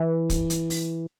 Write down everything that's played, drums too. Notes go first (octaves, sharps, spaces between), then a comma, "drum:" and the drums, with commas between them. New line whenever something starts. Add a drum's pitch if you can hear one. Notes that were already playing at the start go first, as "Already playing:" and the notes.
Already playing: E3
drum: kick, hi-hat
drum: hi-hat
drum: open hi-hat